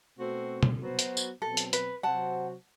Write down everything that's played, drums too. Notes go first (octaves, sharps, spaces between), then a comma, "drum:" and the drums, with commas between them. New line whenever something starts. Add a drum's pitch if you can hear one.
B2 A3 C4 F#4 C5
drum: tom B2
F#3 B3 F#4 C5
drum: hi-hat
drum: tambourine
B2 F#3 C4 A4
drum: hi-hat
B4, drum: hi-hat
C3 F#3 C4 F#4 C5 F#5 A5